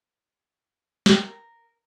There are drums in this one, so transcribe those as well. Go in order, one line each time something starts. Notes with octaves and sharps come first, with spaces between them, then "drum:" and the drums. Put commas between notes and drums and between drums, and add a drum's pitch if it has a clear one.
D#4 E5 G5, drum: snare
A#4